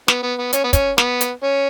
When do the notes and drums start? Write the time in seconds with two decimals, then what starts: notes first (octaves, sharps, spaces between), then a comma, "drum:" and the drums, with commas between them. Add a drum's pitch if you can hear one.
0.08 B3, drum: snare
0.23 B3
0.39 B3
0.53 C#4, drum: hi-hat
0.64 B3
0.73 C#4, drum: kick, hi-hat
0.98 B3, drum: snare
1.21 drum: hi-hat
1.43 C#4